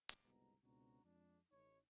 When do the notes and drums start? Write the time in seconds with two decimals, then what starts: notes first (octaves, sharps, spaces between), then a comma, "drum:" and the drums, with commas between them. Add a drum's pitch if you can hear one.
0.09 drum: hi-hat
0.24 G1 C2 G#2 B2 A#5
0.63 C#2 B2 C4 D4 F#4 A#5
1.04 F2 G#3 D4
1.51 A1 D#4 C#5